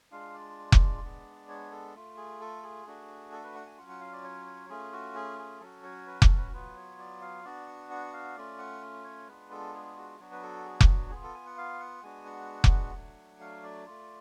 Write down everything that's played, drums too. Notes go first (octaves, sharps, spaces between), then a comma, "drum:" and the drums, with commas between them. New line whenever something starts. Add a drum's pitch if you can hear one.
G#3 D4 F4 F5
D5
drum: kick F1
G#3 B3 D4
C#5
A4
A3 F4
G#4
A4
G#4
A3 D4 F#4
A4
B4
F#5
G#5
F#3 C#4 F4 F#5
F#5
F5
D5
C#5
C#5
A3 C#4 F4 G#4
F#4
G#4
G#4
F#3 C#4 F#4 A4
C#5
B4
A4, drum: kick F1
B4
F#3 B3 F4 B4
C#5
D5
F5
B3 D4 F#4 D5
F#5
F#5
F5
A3 C#4 F4 D5
F#5
C#5
G#3 B3 D4 F4 B4
A4
G#4
F#4
F#3 B3 D4 F#4
B4
A4
G#4
drum: kick F1
B3 F4 G#4
A4
G#5
F#5
F5
F#5
G#3 B3 D4 F#4 G#5
F#5
drum: kick F1
F#3 A3 D4
F5
D5
A3 F4